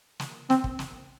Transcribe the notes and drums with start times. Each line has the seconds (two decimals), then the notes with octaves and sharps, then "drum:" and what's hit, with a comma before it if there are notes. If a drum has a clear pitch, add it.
0.20 drum: snare
0.50 C4, drum: snare
0.64 drum: kick
0.79 drum: snare